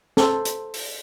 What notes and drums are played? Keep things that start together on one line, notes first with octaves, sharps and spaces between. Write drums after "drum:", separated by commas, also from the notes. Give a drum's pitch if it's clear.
A4 C5, drum: snare
drum: hi-hat
drum: open hi-hat